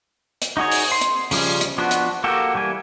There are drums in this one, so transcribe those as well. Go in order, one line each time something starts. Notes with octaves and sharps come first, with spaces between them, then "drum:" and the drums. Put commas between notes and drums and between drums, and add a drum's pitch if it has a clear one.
drum: hi-hat
D#4 F#4 G#4 C#5
drum: open hi-hat
C6
drum: hi-hat
C#3 F3 G3 C#4, drum: open hi-hat
drum: hi-hat
F3 B3 D4 F#4
drum: hi-hat
A#3 F#4 G4 A4
E3 G3 A#3 G#5